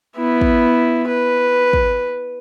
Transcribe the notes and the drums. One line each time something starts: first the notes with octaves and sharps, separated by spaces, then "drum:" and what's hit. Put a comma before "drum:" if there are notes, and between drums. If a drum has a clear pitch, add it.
B3 E4
drum: kick
B4
drum: kick